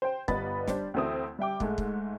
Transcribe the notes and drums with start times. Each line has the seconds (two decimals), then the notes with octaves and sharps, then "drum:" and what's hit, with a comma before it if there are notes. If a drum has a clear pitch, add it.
0.02 C5 G5
0.28 G1 G3 B3 D#5 B5 A6, drum: kick
0.68 G3 D4 C5, drum: snare
0.94 D2 E3 A3 C4 E4 D#6
1.39 G3 E5 G5 D6
1.60 G#2 G#3 A3, drum: kick
1.78 drum: kick